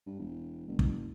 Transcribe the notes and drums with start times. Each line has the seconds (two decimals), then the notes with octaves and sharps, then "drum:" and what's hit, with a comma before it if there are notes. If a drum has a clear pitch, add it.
0.07 G2
0.19 E1
0.68 F#1
0.79 drum: kick